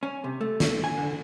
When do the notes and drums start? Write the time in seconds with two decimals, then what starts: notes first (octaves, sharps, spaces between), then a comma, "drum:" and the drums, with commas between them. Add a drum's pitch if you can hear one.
0.03 C#4
0.24 C3
0.41 A3
0.60 drum: snare
0.84 G#5
0.97 D3